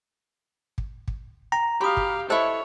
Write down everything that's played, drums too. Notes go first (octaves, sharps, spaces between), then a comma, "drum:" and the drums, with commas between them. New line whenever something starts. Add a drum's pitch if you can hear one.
drum: kick
drum: kick
G5 A#5
F#4 G4 F5 B5 D#6
drum: kick
E4 A4 C5 C#5 D#5 E6